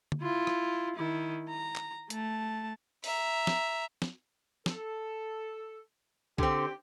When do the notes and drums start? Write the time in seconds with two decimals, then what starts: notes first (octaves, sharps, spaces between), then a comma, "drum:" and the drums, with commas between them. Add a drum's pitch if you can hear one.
0.12 drum: tom D3
0.21 E4 F4
0.47 drum: rim click
0.95 D#3 E4
1.49 A#5
1.76 drum: clap
2.10 A3 A5, drum: hi-hat
3.04 E5 A#5, drum: open hi-hat
3.47 drum: snare
4.02 drum: snare
4.66 A4, drum: snare
6.38 D3 C4 G4, drum: kick B1